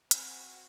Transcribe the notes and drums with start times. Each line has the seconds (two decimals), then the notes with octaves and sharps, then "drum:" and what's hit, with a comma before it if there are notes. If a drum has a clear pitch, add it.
0.11 C4 F#4 G#5, drum: hi-hat